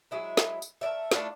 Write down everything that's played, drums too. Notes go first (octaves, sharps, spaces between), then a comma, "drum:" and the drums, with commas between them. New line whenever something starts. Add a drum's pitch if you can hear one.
F#3 G#3 E4 E5
drum: snare
drum: tambourine
A3 A#4 D5 E5
A3 D4 E4 F4, drum: snare